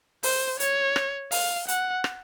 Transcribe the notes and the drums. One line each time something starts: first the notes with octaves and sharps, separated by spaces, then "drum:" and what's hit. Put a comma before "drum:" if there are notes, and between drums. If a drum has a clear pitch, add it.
C5, drum: open hi-hat
C#5, drum: hi-hat
drum: rim click
F5, drum: open hi-hat
F#5, drum: hi-hat
drum: rim click